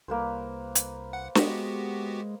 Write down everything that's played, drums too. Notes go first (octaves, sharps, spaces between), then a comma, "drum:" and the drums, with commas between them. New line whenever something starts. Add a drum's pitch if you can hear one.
C2 A#3 B4 C5
drum: hi-hat
F#5
G#3 B3 F#4 G4, drum: snare